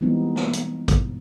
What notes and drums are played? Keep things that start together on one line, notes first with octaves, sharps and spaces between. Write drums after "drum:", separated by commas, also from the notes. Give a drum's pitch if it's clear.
E3 G3 G#3 B3 C4 D#4
drum: snare
drum: hi-hat
drum: kick, hi-hat